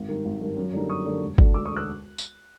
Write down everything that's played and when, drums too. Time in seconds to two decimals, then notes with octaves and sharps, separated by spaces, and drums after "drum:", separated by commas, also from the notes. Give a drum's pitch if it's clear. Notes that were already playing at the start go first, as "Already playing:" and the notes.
Already playing: G#1
0.08 G2 D#3
0.25 G#1
0.41 G2 D#3
0.57 F#2
0.73 D3 G3 A#3 D#4
0.89 F#2 C#6 D#6
1.06 D3 G3 A#3 D#4
1.22 E1
1.38 D2 D3, drum: kick G1
1.54 E1 D6 E6
1.65 C#6 D#6
1.71 D3
1.76 E6 F#6
2.18 drum: tambourine